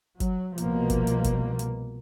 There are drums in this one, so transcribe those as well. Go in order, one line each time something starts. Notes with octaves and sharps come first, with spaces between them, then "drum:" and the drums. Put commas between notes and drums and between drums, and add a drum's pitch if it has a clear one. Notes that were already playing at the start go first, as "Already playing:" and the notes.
F#3, drum: kick G1, hi-hat
C2 B2 F3 A#3, drum: hi-hat
drum: kick G1, hi-hat
drum: hi-hat
drum: kick G1, hi-hat
drum: hi-hat